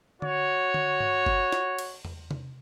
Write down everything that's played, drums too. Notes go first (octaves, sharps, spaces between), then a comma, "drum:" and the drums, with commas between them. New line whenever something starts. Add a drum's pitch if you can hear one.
F#4 C#5, drum: tom D3
drum: tom D3
drum: tom G2
drum: kick G1
drum: snare
drum: cymbal
drum: tom E2
drum: tom C3